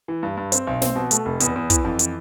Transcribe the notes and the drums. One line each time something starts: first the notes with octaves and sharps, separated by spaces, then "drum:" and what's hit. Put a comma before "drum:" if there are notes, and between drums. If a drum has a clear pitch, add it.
E3
G2
G2
C4, drum: hi-hat
B1
C4, drum: snare
B2
A3, drum: hi-hat
F1
E2, drum: hi-hat
E2
E3, drum: kick, hi-hat
F2
E3, drum: hi-hat